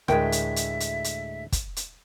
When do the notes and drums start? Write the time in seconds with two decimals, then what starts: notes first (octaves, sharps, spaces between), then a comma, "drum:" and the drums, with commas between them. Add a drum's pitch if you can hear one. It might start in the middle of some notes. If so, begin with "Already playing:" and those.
0.08 D2 A2 G#3 A#4 E5 G5, drum: rim click
0.32 drum: hi-hat
0.56 drum: hi-hat
0.80 drum: hi-hat
1.04 drum: hi-hat
1.52 drum: kick, hi-hat
1.76 drum: hi-hat